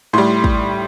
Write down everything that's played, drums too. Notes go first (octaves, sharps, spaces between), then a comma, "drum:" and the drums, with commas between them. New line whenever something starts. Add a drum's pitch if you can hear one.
A2 G3 C6
drum: kick